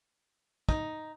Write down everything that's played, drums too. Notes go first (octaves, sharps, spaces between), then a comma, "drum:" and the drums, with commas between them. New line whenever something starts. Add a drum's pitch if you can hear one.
D#4, drum: kick